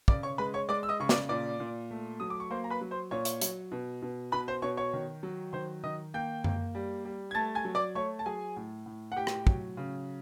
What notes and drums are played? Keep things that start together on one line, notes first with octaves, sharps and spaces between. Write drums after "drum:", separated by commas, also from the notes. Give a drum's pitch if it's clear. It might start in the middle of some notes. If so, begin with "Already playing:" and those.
C#3 D5 D6, drum: kick
C#5 C#6
G#3 B4 B5
C#5 C#6
G#3 D5 D6
E6
D#5 D#6
C#3 C#6
D5 D6, drum: snare
A#2 D5 D6
A#2
A3
F#3 D#6
D6
C#6
A#3 C5 C6
A#5
B4 B5
F#3
C5 C6
A#2 C#5 C#6
drum: hi-hat
F#3, drum: hi-hat
B2
B2
B2 B4 B5
C5 C6
B2 C#5 C#6
C#5 C#6
D#3
F#3
D#3 C5 C6
D#3 D#5 D#6
A#3 G5 G6
A#3, drum: tom F#2
G3
G3
G#6
A3 A5 A6
G#5 G#6
F#3
D5 D6
A3 C#5 C#6
A5
F#3 G#4 G#5
A2
A2
F#5
A2 G4 G5
drum: rim click
F#3, drum: kick
C#3